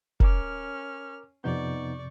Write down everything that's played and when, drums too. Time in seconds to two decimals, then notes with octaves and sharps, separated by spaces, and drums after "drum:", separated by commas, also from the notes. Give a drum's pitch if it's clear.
0.20 C#4 A#4 D6 F6, drum: kick
1.44 F2 C3 B3 D#4 D5 C#6 G6